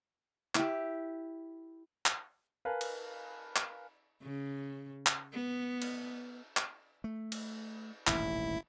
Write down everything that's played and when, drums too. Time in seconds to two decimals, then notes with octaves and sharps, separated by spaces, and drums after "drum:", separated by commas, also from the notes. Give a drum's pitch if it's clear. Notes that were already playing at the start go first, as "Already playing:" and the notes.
0.55 E4 G4, drum: clap
2.06 drum: clap
2.65 A#4 B4 F5 G#5 A5
2.81 drum: cymbal
3.56 drum: clap
4.23 C#3
5.06 drum: clap
5.33 B3
5.82 drum: cymbal
6.57 drum: clap
7.04 A3
7.32 drum: cymbal
8.07 D#1 A1 G#2 E4, drum: clap